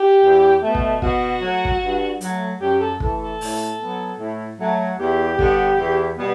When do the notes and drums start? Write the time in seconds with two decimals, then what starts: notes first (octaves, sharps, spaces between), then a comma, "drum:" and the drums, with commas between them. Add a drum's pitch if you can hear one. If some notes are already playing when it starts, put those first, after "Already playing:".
Already playing: G4
0.22 E2
0.63 B2 A3
0.75 drum: kick
1.02 B2 F#4, drum: kick
1.42 F#3 A3
1.65 drum: kick
1.82 G2
2.21 F#3 A3, drum: hi-hat
2.61 F#2 G4
2.80 A4
3.00 E3 A3 A4, drum: kick
3.21 A4
3.41 A2, drum: open hi-hat
3.79 F#3 B3
4.19 A2
4.60 F#3 A3
4.99 E2 G4
5.39 D3 G3 B3, drum: kick
5.78 E2
6.17 B2 G3 B3